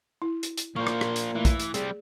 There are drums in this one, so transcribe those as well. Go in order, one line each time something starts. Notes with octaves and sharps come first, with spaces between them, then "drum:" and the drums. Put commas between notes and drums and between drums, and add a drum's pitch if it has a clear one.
E4
drum: hi-hat
drum: hi-hat
A#2 A#3 C5 C#6
drum: rim click
drum: rim click
drum: hi-hat
E3 A3
drum: kick, hi-hat
drum: hi-hat
G3 C4 G#4 D5, drum: hi-hat